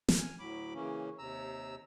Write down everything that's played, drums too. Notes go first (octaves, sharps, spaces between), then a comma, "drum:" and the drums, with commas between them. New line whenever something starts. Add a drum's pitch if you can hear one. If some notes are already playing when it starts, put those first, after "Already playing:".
drum: snare
G#5 F6
D2 A2 F#3 B5 D6
C#3 E3 A#3 C#4
D#2 C3 A#5 E6